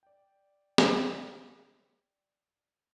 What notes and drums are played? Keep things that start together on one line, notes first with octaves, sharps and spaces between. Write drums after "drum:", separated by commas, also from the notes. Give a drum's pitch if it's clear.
D5 G5
drum: snare